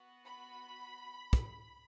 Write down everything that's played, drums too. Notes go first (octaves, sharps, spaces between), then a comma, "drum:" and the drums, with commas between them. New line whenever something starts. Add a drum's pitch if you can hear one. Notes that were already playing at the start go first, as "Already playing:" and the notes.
Already playing: B3 F#4
B5
drum: kick